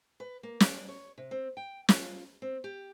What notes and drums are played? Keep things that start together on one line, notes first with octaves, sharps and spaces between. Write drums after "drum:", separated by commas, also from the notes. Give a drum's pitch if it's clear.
B4
A#3
D5, drum: snare
C#5
C3
C4
G5
F4, drum: snare
C4
G4